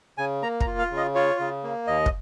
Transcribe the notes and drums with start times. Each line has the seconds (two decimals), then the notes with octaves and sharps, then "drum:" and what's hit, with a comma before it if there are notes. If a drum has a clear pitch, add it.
0.18 C#3 G#5
0.43 A#3 A#5
0.61 A#5, drum: kick
0.67 F4
0.79 F5
0.91 C#3
0.97 D#5
1.15 F4 C#5
1.40 C#3
1.63 A#3
1.87 D#2 D#5
2.06 drum: kick